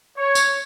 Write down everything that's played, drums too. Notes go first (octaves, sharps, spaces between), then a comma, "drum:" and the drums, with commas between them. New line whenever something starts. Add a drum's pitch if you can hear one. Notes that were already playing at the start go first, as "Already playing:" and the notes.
C#5
drum: tambourine